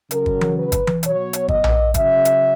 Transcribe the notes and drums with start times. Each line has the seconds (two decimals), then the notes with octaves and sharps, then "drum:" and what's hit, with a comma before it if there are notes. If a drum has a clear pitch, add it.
0.11 C#3 F#3 A#4, drum: hi-hat
0.26 drum: kick
0.41 drum: tom E3
0.57 B4
0.72 drum: kick, hi-hat
0.87 drum: tom E3
1.03 B2 F#3 C#5, drum: hi-hat
1.33 drum: hi-hat
1.48 D#5, drum: kick
1.64 drum: tom A#1
1.94 C#3 F#3 E5, drum: kick, hi-hat
2.25 drum: hi-hat